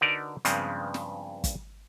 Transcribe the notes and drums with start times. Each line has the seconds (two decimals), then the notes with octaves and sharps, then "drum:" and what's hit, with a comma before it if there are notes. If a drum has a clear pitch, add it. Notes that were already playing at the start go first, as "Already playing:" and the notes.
0.01 D3 D#4 F#4 A#4 B4 D5
0.45 G2 C#3 F3 G#3 B3 C4, drum: hi-hat
0.94 drum: snare
1.44 drum: kick, hi-hat